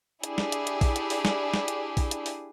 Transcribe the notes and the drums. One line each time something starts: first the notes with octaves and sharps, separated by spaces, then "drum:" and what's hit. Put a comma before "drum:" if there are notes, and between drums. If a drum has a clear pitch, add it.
D4 E4 G4 G#4, drum: hi-hat
drum: snare
drum: hi-hat
drum: hi-hat
drum: kick A#1, open hi-hat
drum: hi-hat
drum: open hi-hat
drum: snare
drum: snare
drum: hi-hat
drum: kick A#1, open hi-hat
drum: hi-hat
drum: open hi-hat